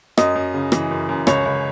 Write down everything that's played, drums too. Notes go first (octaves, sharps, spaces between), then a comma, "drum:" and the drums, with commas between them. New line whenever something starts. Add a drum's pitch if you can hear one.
F#2 D#5, drum: rim click
F#2
C#3
E3, drum: rim click
F#2
F#2
C#2 C#5, drum: rim click
C#2